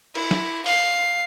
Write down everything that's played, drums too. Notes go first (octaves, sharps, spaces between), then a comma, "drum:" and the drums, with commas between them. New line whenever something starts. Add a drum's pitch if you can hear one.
E4, drum: cymbal
drum: snare
F5 C7, drum: open hi-hat